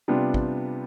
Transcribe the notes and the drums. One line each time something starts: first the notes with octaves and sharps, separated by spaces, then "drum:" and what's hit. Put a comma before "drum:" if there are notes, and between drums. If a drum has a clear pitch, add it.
C3 G3 B3 D4 F4
drum: kick